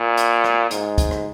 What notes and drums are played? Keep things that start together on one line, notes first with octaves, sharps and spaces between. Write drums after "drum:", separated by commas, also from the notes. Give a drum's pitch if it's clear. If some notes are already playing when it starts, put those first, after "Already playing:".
Already playing: A#2
drum: hi-hat
drum: rim click
G#2, drum: hi-hat
drum: kick, hi-hat
drum: rim click